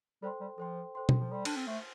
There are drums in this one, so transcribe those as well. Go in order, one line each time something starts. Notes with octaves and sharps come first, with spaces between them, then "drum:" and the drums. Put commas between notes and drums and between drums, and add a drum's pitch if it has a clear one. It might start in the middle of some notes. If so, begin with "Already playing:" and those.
G3 A4 C5 G5 C6
G3
F3 A4 C5 G5 C6
A4 C5 G5 C6
drum: tom B2
F3
G3 A4 C5 G5 C6
D4, drum: cymbal
C4
A3 C5 A5 C6